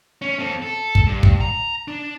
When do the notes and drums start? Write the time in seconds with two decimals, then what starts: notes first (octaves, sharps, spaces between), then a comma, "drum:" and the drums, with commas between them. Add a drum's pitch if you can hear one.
0.22 C#4
0.39 C4 A4
0.62 A4
0.95 drum: kick
1.06 G2
1.23 drum: kick
1.41 A#5
1.88 D4